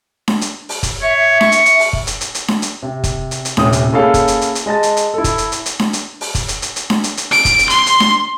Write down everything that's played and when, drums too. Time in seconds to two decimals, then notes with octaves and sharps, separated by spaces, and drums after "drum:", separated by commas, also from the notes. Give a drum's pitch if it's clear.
0.28 drum: snare D4
0.41 drum: hi-hat
0.69 drum: open hi-hat
0.83 drum: kick, hi-hat
1.02 C#5 E5
1.41 C#6, drum: snare D4
1.52 drum: hi-hat
1.66 drum: hi-hat
1.79 drum: open hi-hat
1.93 drum: kick
2.07 drum: hi-hat
2.21 drum: hi-hat
2.35 drum: hi-hat
2.48 drum: snare D4
2.62 drum: hi-hat
2.83 C3
3.04 drum: kick, hi-hat
3.31 drum: hi-hat
3.45 drum: hi-hat
3.57 D#1 A2 C3 C#4 D#6, drum: snare D4
3.73 drum: hi-hat
3.93 A#3 C#4 E4 G#4 A4 F5
4.14 drum: kick, hi-hat
4.28 drum: hi-hat
4.41 drum: hi-hat
4.55 drum: hi-hat
4.66 G#3 D#5 A5 A6
4.83 drum: hi-hat
4.97 drum: hi-hat
5.14 E4 A4
5.24 drum: kick, hi-hat
5.38 drum: hi-hat
5.52 drum: hi-hat
5.66 drum: hi-hat
5.79 drum: snare D4
5.93 drum: hi-hat
6.21 drum: open hi-hat
6.35 drum: kick, hi-hat
6.48 drum: hi-hat
6.62 drum: hi-hat
6.76 drum: hi-hat
6.90 drum: snare D4
7.04 drum: hi-hat
7.17 drum: hi-hat
7.31 D7, drum: open hi-hat
7.45 drum: kick, hi-hat
7.59 drum: hi-hat
7.70 C6, drum: hi-hat
7.86 drum: hi-hat
8.00 drum: snare D4